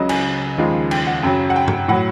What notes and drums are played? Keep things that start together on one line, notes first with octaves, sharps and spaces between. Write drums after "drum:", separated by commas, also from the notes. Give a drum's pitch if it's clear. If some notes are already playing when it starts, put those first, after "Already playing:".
Already playing: C#2 C#3 F#3 D#5
G#5, drum: cymbal
D#2 C#3 F3 G#3
G5, drum: cymbal
F#5
F#2 C#3 F#3 G5
F#5
G5
drum: tom G2
A2 F#3 F#5